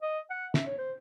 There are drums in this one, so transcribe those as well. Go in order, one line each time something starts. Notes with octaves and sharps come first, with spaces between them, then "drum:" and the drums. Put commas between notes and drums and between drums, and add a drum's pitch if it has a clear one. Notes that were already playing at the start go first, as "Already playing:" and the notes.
D#5
F#5
E5, drum: snare
C#5
C5